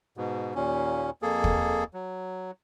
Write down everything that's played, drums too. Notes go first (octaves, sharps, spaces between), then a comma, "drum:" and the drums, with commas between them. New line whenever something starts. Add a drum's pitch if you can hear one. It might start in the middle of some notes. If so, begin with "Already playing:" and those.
G#2 B2
D#2 A#2 C#4
F2 A#3 G#4 A4
drum: kick
F#3